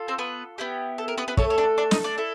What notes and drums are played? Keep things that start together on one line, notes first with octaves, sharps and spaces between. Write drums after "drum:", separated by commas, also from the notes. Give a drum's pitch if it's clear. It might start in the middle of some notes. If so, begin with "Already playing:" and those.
Already playing: F4 A4
C4 C5
B3 B4
B3 E4 G4
A4
A#4
B3 B4
B3 B4
A3 C#4 A4 C#5, drum: kick
C#5
D4 D5
D4 D5
D#4 D#5, drum: snare
D4 D5
E4 A4